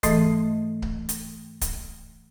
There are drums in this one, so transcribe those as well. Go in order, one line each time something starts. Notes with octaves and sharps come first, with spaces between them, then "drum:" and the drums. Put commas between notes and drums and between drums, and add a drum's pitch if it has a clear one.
G#2 E3 A3 A4 D#5 D#6, drum: kick C#1, hi-hat
drum: kick C#1
drum: hi-hat
drum: kick C#1, hi-hat